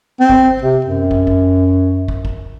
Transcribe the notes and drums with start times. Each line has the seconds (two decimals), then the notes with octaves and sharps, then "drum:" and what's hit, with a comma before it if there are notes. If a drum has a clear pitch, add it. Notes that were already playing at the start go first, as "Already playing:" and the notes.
0.20 C4
0.30 drum: kick
0.62 C3
0.85 F#2
1.11 drum: kick
1.27 drum: kick
2.08 drum: kick
2.25 drum: kick